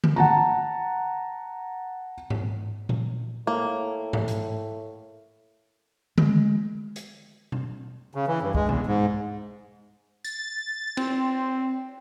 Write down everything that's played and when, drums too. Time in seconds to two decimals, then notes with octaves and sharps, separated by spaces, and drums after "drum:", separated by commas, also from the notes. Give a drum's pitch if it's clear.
0.04 drum: tom D3
0.16 F#5 A5 A#5
2.30 drum: tom G#2
2.89 drum: tom A#2
3.47 A2 A#3
4.13 drum: tom G#2
4.28 drum: hi-hat
6.18 G#3, drum: tom D3
6.96 drum: hi-hat
7.52 drum: tom B2
8.15 C#3
8.27 E3
8.42 G2
8.55 G#3, drum: kick
8.69 E2, drum: tom B2
8.86 G#2
10.24 A6, drum: tambourine
10.97 C4, drum: cymbal